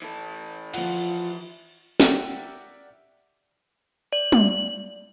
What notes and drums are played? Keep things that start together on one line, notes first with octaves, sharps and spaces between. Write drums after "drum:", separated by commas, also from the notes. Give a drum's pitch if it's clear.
E3 A4
F3 F4 F#5, drum: cymbal
G4 A#4 D5 E5 F#5, drum: snare
D5 F#7
drum: tom